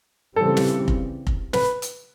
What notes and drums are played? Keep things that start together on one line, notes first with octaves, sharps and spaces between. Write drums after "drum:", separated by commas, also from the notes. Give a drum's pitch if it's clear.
C#3 E3 G3 C4 A4
drum: snare
drum: kick F1
drum: kick F1
B4, drum: snare
drum: hi-hat